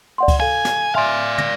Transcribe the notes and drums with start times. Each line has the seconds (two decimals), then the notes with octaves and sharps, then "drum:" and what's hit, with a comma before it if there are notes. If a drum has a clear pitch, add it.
0.18 D5 F#5 C6
0.28 drum: kick C#2, cymbal
0.40 A4 F5 G#5
0.65 drum: snare
0.95 D5 E5 F5 G#5 C6
1.38 A#6, drum: tom